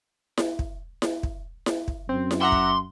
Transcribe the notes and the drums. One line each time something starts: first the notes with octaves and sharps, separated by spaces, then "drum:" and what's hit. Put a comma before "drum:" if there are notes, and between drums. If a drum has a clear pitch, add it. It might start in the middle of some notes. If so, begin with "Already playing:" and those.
drum: snare E4
drum: kick
drum: snare E4
drum: kick
drum: snare E4
drum: kick
F#2 C4
drum: snare E4
E5 F#5 A#5 C6 D6
drum: kick